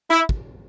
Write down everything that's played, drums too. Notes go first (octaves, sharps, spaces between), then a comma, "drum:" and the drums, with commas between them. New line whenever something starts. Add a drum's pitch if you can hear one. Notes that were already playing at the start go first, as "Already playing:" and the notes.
E4
drum: kick